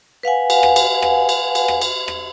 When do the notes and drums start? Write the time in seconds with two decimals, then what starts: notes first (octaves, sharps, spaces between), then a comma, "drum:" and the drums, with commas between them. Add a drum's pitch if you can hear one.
0.23 B4 F5 F#5 G#5
0.50 drum: cymbal
0.63 drum: rim click
0.76 drum: cymbal
1.02 drum: rim click
1.29 drum: cymbal
1.55 drum: cymbal
1.68 drum: rim click
1.81 drum: cymbal
2.08 drum: rim click